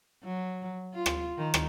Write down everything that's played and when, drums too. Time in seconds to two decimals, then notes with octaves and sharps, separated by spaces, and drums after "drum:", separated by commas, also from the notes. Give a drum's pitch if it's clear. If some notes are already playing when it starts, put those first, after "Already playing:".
0.24 F#3
0.94 F4
1.06 drum: rim click
1.38 D#3
1.54 drum: rim click